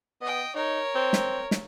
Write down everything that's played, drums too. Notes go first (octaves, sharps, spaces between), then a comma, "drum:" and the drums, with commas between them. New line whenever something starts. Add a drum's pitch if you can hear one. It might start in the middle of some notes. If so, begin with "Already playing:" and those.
B3 D#5 G5
D#4 A#4 C#5
C4
drum: snare
drum: snare